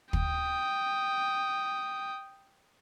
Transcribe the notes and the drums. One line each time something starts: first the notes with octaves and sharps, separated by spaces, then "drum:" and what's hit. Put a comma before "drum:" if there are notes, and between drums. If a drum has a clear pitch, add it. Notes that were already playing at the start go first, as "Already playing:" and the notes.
G5 D#6, drum: kick